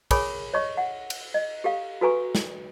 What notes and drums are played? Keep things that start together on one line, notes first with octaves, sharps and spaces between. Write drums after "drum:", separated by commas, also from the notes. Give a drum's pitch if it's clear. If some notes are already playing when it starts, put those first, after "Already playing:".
G#4 A#4 C#5 G#5 B5 D#6, drum: kick, cymbal
C#5 D#5 C#6
F#5
drum: cymbal
D#5
G4 A4 F5
F#4 A4 B4 G#5 A#5 C#6
drum: snare